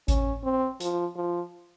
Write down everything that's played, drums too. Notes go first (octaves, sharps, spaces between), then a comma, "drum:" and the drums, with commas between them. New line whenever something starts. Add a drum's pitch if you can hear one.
C#4, drum: kick G#1, hi-hat
C4
F3, drum: hi-hat
F3